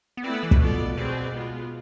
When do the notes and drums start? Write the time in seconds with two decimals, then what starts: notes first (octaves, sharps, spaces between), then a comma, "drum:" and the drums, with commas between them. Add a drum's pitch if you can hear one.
0.17 B3
0.24 A3 C4 E4 B4 D5
0.34 B3
0.43 E3
0.51 B2, drum: kick
0.60 B3 F4 A4 D5
0.97 B2 C4 G#4 B4 D5
1.34 G#3 B3 F4